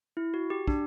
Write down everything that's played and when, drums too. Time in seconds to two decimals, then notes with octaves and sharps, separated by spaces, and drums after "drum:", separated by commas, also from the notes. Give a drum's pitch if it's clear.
0.17 E4
0.34 F#4
0.50 G4
0.67 D4, drum: kick